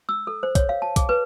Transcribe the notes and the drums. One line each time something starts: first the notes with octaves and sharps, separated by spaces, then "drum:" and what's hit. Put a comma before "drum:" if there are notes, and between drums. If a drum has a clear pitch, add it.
E6
A4
C5
C#5, drum: kick B1, hi-hat
F5
A5
G#4, drum: kick B1, hi-hat
B4